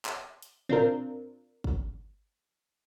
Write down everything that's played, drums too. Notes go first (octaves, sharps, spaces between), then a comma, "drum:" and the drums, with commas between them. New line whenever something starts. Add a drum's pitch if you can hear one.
drum: clap
drum: hi-hat
C4 D4 F4 A#4, drum: tom A2
drum: kick